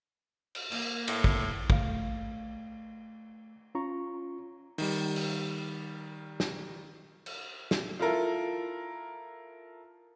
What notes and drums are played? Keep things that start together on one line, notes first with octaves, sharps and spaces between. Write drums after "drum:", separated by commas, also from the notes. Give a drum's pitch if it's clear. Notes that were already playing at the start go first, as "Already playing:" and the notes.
drum: cymbal
A#3, drum: cymbal
A2, drum: cymbal
drum: kick
A3 F5, drum: kick
C#4 F4 A#5 C#6
D#3 G3, drum: open hi-hat
drum: cymbal
drum: snare
drum: cymbal
drum: snare
E4 F4 A4 A#4